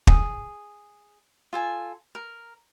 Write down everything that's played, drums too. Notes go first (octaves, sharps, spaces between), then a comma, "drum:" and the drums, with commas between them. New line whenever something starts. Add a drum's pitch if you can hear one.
G#4, drum: kick
F4 A4 G#5
A#4